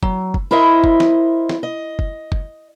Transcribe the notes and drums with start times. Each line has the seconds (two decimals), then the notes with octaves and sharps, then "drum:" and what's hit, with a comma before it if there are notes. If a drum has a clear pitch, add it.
0.03 F#3, drum: kick F#1
0.34 drum: kick F#1
0.51 E4 A#4 C5 D#5 E5
0.84 drum: kick F#1
1.00 drum: snare
1.49 drum: snare
1.63 D#5
1.99 drum: kick F#1
2.32 drum: kick F#1